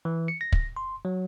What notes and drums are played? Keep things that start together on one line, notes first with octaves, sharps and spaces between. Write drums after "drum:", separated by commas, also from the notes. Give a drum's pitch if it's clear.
E3
C#7
A#6
drum: kick
C6
F#3